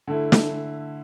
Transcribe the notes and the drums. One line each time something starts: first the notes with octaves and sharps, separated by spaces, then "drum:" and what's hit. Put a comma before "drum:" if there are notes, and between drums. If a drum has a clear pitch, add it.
D3 A3 E4
drum: snare